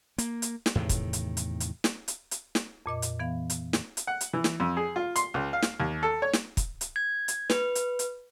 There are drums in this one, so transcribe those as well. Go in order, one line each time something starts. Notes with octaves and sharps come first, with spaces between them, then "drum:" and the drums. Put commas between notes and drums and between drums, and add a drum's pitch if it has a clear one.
A#3, drum: hi-hat
drum: hi-hat
drum: snare
E2 A2 C3 D#3
drum: kick, hi-hat
drum: hi-hat
drum: hi-hat
drum: hi-hat
drum: snare
drum: hi-hat
drum: hi-hat
drum: snare
F2 A#2 D#5 D6
drum: hi-hat
E3 B3 F5
drum: hi-hat
drum: snare
drum: hi-hat
F#5
drum: hi-hat
E3
drum: snare
F2
G#4
F4
C6, drum: hi-hat
C#2
F5
drum: snare
D#2
A4
C#5
drum: snare
drum: kick, hi-hat
drum: hi-hat
G#6
drum: hi-hat
B4, drum: snare
drum: hi-hat
drum: hi-hat